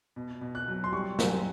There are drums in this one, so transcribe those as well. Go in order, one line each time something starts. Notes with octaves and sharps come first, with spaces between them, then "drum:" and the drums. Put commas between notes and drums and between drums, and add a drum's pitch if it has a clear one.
B2
B2
F#6
F#3
C6
G3 C#6
F#2, drum: snare